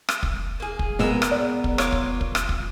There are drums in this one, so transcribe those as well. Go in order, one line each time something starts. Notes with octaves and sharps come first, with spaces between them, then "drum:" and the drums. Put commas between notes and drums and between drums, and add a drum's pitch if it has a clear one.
drum: rim click
drum: kick
A#3 G#4
drum: kick
A#2 G#3 B3 A#4 E6
drum: rim click
D5
drum: kick
F4 C#5 D6, drum: rim click
drum: kick
drum: kick
drum: rim click
drum: kick